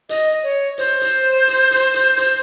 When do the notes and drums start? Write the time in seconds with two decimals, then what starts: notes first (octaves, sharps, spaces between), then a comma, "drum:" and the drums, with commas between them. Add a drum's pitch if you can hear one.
0.09 D#5, drum: hi-hat
0.43 C#5
0.78 C5, drum: hi-hat
1.01 drum: hi-hat
1.48 drum: hi-hat
1.71 drum: hi-hat
1.94 drum: hi-hat
2.17 drum: hi-hat